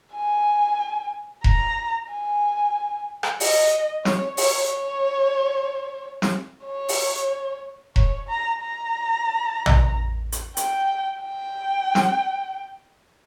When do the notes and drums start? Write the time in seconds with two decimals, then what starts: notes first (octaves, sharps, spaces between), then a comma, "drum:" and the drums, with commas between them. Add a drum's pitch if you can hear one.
0.15 G#5
1.44 A#5, drum: kick E1
2.09 G#5
3.23 drum: rim click
3.40 D#5, drum: open hi-hat
4.05 C#5, drum: snare
4.37 C#5, drum: open hi-hat
4.70 C#5
6.22 drum: snare
6.66 C#5
6.89 drum: open hi-hat
7.96 C#5, drum: kick E1
8.29 A#5
8.61 A#5
9.66 drum: tom A#1
10.32 drum: hi-hat
10.57 G5, drum: hi-hat
11.22 G5
11.95 drum: snare